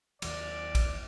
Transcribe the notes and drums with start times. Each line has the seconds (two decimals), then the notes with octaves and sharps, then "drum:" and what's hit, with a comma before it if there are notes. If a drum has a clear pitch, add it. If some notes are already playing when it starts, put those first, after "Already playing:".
0.22 D#2 F#3 D5, drum: cymbal
0.75 drum: kick, cymbal